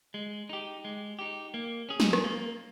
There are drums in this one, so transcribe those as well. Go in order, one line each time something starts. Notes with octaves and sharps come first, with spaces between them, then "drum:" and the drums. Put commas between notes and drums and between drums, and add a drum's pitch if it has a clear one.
G#3
D#4 G4
G#3
D#4 G4
A#3
C#4 G#4
drum: snare
drum: rim click
A#3